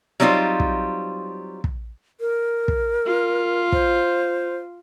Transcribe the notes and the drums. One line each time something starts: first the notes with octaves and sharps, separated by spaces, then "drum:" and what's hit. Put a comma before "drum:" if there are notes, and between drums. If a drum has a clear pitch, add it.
F#3 G3 C4 D#4 F4
drum: kick
drum: kick
A#4
drum: kick
F4
C5, drum: kick